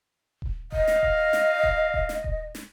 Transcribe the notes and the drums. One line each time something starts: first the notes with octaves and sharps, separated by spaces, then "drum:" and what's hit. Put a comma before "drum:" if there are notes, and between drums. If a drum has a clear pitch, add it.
drum: kick D#1
D#5 F5, drum: kick D#1
drum: snare
drum: kick D#1
drum: snare
drum: kick D#1
drum: kick D#1
drum: snare
drum: kick D#1
drum: snare